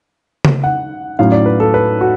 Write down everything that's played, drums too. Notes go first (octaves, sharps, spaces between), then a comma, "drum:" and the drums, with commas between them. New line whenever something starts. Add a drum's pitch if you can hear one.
drum: tom C#3
F#5
A2 F#3 C#4 F5
D5
B4
A4
B4
F#4